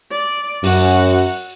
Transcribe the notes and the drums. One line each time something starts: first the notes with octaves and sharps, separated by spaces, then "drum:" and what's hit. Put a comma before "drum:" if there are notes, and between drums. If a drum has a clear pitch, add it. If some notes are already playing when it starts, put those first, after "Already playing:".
D5
F#2 F#4 F#5, drum: open hi-hat